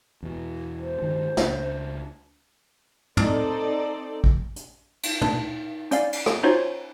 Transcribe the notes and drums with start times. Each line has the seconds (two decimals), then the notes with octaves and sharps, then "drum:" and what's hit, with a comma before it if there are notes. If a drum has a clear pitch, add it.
0.23 E2 B2
0.80 C5
1.02 G2 D#3
1.37 C#2 D4, drum: snare
3.17 C4 D#4 A4 D5, drum: tom
4.24 drum: kick
4.56 drum: hi-hat
5.03 drum: cymbal
5.21 D4, drum: tom
5.91 C#4 D5 F5, drum: hi-hat
6.13 drum: cymbal
6.26 drum: rim click
6.43 C#4 D#4 F4 F#4 C5 C#5